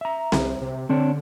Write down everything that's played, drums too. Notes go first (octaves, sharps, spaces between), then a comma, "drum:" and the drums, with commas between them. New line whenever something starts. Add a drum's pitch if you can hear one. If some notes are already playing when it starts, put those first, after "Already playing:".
E5 A#5
C2, drum: snare C4
C3
D3 C4 D4 C#5